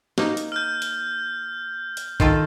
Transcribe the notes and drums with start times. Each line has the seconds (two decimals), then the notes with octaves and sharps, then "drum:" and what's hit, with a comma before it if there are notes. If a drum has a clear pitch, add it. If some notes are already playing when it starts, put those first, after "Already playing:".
0.18 A#3 D#4, drum: snare
0.37 drum: hi-hat
0.52 F6 G6
0.82 drum: hi-hat
1.97 drum: hi-hat
2.20 D#3 F4 A4, drum: kick